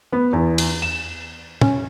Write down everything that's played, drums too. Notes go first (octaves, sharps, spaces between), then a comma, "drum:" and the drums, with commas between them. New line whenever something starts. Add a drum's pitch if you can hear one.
B3
E2
drum: cymbal
E7
C#4, drum: tom